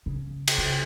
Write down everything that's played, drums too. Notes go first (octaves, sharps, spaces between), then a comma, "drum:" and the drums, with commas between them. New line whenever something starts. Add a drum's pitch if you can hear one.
C#3
drum: cymbal
C#3